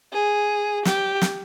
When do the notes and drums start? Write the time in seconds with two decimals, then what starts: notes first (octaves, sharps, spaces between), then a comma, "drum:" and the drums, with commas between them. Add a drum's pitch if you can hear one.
0.13 G#4
0.85 G4, drum: snare
1.22 drum: snare